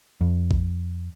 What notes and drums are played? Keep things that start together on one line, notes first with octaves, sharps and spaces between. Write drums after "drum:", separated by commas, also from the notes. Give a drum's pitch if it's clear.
F2
drum: kick A1